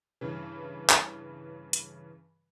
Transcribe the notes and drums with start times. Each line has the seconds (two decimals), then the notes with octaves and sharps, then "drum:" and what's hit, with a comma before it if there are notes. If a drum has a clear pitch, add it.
0.21 G2 C#3 E3
0.90 drum: clap
1.73 drum: hi-hat